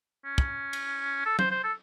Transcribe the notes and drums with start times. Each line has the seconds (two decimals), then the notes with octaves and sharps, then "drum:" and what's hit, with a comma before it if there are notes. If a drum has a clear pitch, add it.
0.25 C#4
0.38 drum: kick
0.73 drum: cymbal
1.26 A4
1.39 C5, drum: tom
1.51 C5
1.64 A4